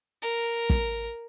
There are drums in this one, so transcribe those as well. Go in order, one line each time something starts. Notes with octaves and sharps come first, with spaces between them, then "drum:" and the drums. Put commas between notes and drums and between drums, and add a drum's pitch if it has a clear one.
A#4
drum: kick